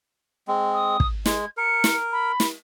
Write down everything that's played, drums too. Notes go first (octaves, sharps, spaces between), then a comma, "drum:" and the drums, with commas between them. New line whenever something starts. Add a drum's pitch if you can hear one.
G#3 C4
D#6
drum: kick
G#3 G#6, drum: snare
A#4 C#7
drum: snare
B5
drum: snare